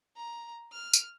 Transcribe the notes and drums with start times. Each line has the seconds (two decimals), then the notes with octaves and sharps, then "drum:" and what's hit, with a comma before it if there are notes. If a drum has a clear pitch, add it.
0.17 A#5
0.72 F6
0.93 drum: tambourine